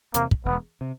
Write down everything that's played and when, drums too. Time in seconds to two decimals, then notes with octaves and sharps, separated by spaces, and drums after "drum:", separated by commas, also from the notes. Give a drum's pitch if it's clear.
0.14 E2 C3 A#3, drum: hi-hat
0.31 drum: kick
0.45 E1 B3
0.81 C3